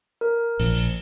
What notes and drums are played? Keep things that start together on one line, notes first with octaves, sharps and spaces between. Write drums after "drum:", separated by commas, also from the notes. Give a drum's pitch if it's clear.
A#4
A#1, drum: cymbal
drum: cymbal